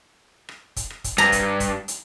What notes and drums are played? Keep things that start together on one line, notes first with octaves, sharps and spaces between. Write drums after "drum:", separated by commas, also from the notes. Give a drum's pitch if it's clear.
drum: rim click
drum: kick, hi-hat
drum: rim click
drum: kick, hi-hat
G2 A#5
drum: kick, hi-hat
drum: kick, hi-hat
drum: hi-hat